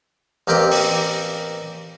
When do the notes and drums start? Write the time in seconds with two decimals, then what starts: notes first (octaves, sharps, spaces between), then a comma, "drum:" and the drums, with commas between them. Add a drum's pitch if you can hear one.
0.47 A1 A#3 C4 G4 D5 D#5
0.71 drum: open hi-hat